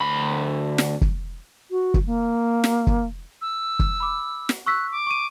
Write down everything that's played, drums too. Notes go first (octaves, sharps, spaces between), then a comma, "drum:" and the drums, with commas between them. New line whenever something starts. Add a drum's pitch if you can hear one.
D2 B5
drum: snare
drum: kick
F#4
drum: kick
A#3
drum: snare
drum: kick
E6
drum: kick
B5 D6
drum: snare
C#6 E6 F#6 B6
D6
C#6 D#7